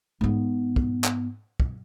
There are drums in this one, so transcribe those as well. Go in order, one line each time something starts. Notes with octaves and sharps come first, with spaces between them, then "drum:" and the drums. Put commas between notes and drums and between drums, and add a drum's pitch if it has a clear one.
G#2 B3
drum: kick
drum: clap
drum: kick